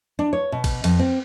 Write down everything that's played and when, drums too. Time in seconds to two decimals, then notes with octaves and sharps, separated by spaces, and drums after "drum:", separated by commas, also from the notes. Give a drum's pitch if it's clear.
0.19 D4
0.33 C#5
0.52 B2
0.64 drum: kick A1, cymbal
0.84 F2, drum: cymbal
0.99 C4